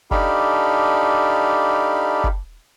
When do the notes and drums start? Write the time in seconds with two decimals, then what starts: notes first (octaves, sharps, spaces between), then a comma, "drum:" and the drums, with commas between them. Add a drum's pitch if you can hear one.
0.11 D4 D#4 G4 A4 F5 B5, drum: kick F#1
2.24 drum: kick F#1